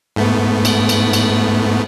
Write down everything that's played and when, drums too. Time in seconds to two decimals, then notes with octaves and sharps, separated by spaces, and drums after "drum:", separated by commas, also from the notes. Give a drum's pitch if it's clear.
0.16 G#2 A3 B3
0.65 drum: cymbal
0.89 drum: cymbal
1.13 drum: cymbal